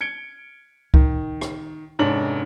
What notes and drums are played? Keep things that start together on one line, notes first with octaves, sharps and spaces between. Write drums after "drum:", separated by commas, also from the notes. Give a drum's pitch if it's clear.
G#6 C#7 D7 G7
D#3, drum: kick C#2
drum: rim click
F1 G#2 C#4 D4 F#7